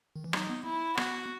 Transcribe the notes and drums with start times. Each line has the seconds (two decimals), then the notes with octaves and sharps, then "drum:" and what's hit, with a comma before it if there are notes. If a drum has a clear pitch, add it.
0.16 D#3
0.24 E3
0.33 F#3 D#4, drum: rim click
0.49 B3
0.65 E4
0.97 B3 F#4, drum: rim click